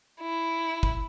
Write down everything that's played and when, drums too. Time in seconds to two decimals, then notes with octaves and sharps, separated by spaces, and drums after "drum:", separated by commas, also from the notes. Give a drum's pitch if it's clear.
0.21 E4
0.83 drum: kick